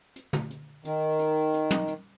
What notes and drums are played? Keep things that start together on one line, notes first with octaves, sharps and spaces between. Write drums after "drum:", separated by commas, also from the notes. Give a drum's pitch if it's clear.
drum: hi-hat
drum: tom
drum: hi-hat
D#3, drum: hi-hat
drum: hi-hat
drum: hi-hat
drum: tom
drum: hi-hat